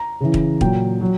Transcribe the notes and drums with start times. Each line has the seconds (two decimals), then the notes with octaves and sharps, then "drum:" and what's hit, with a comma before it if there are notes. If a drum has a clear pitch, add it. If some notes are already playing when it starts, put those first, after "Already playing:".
Already playing: A#5
0.21 C#3 E3
0.34 drum: kick
0.61 A#2 F#3 G5, drum: kick
1.01 F#3